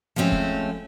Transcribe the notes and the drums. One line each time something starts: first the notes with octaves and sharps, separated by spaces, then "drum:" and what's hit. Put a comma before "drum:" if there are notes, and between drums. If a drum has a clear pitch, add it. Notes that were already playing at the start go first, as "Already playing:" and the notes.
F3 G#3 A3 C4 C#4
drum: kick F1